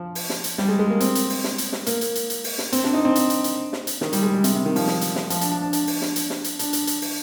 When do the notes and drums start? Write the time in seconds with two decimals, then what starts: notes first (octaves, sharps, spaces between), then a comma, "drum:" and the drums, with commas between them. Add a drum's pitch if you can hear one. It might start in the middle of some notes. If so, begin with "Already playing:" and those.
Already playing: F3
0.15 drum: open hi-hat
0.30 drum: snare
0.44 drum: hi-hat
0.58 G3, drum: snare
0.68 G#3
0.79 G#3
0.91 A#3
1.00 C4, drum: hi-hat
1.15 drum: hi-hat
1.30 drum: open hi-hat
1.44 drum: snare
1.58 drum: hi-hat
1.73 drum: snare
1.87 A#3, drum: hi-hat
2.01 drum: hi-hat
2.15 drum: hi-hat
2.30 drum: hi-hat
2.44 drum: open hi-hat
2.58 drum: snare
2.72 C4, drum: hi-hat
2.84 D4, drum: snare
2.94 D#4
3.05 C4
3.16 drum: hi-hat
3.30 drum: hi-hat
3.44 drum: hi-hat
3.73 drum: snare
3.87 drum: hi-hat
4.01 D#3, drum: snare
4.13 G3, drum: hi-hat
4.23 G#3
4.34 G3
4.44 C3, drum: hi-hat
4.55 C3
4.65 D#3
4.76 F3, drum: open hi-hat
4.87 drum: snare
5.01 drum: hi-hat
5.16 drum: snare
5.30 F3, drum: hi-hat
5.41 D4, drum: hi-hat
5.51 D4
5.62 D4
5.73 drum: hi-hat
5.87 drum: open hi-hat
6.01 drum: snare
6.16 drum: hi-hat
6.30 drum: snare
6.44 drum: hi-hat
6.59 D4, drum: hi-hat
6.73 drum: hi-hat
6.87 drum: hi-hat
7.02 drum: open hi-hat